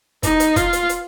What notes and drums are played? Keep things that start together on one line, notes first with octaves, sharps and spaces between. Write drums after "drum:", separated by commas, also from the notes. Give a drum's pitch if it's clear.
D#4, drum: kick, hi-hat
drum: hi-hat
F4, drum: kick, hi-hat
drum: hi-hat
drum: hi-hat